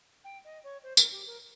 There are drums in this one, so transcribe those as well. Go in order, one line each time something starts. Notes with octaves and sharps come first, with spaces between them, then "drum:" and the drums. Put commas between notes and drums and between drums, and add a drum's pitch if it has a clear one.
G5
D#5
C#5
C5
A#4, drum: tambourine
G4
A#4